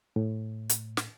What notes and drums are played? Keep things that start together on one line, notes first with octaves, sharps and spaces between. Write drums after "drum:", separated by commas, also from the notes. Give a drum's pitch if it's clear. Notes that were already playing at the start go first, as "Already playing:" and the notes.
A2
drum: hi-hat
drum: snare